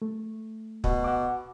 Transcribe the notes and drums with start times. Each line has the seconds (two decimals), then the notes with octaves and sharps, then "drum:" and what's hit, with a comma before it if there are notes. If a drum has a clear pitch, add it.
0.02 A3
0.84 B2, drum: kick
1.04 F#5 D6